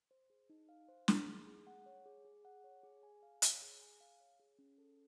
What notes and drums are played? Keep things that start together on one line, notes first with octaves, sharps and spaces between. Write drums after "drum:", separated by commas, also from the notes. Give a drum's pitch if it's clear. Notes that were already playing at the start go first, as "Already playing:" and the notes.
C5
G#4
D#4
F5
C5
G#4, drum: snare
D#4
G#4
F#5
C#5
G#4
G#4
F#5
C#5
G#4
G#5
F5
C#5, drum: hi-hat
G#4
G#5
F5
C#5
G#4
C#4
A4